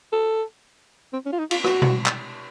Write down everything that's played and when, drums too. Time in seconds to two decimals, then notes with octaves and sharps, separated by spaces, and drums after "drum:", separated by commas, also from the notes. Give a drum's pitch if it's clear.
0.13 A4
1.13 C4
1.26 C#4
1.33 F4
1.39 D#4
1.51 F4, drum: cymbal
1.64 F#4, drum: rim click
1.82 drum: tom B2
2.06 drum: clap